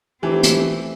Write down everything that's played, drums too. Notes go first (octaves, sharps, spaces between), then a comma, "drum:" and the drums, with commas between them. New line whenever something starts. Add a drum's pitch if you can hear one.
F1 E3 A3 C4 G4
drum: hi-hat